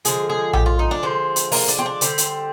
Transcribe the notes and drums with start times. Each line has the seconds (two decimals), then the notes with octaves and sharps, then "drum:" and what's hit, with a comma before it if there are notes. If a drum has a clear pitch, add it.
0.05 D3 F3 G#3 G#4, drum: hi-hat
0.29 G#4
0.53 G4, drum: tom A#1
0.66 F4
0.79 D#4
0.91 D4
1.03 D3 F3 G#3 C4
1.36 drum: hi-hat
1.52 A#3, drum: open hi-hat
1.68 D4, drum: hi-hat
1.79 C4
1.86 D4
2.01 D3 G3 C4, drum: hi-hat
2.18 drum: hi-hat